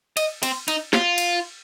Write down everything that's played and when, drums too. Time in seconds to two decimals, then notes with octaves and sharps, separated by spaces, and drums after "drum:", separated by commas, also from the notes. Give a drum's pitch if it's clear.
0.17 D#5, drum: cymbal
0.43 C4, drum: cymbal
0.68 D#4, drum: cymbal
0.93 F4, drum: snare
1.18 drum: cymbal